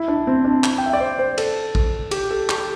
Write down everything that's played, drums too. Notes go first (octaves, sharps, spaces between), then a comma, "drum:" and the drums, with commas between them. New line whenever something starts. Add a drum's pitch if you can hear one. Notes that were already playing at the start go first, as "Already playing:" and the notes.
Already playing: E4
D4
C4
D4
drum: clap
G5
E5
D5
C5
C5
A4, drum: cymbal
drum: kick
G4, drum: cymbal
A4
G4, drum: clap